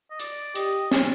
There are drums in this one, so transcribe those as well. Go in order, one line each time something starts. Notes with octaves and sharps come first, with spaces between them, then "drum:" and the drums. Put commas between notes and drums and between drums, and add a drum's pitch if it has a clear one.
D#5
D5, drum: hi-hat
G4 D#5, drum: hi-hat
D5, drum: snare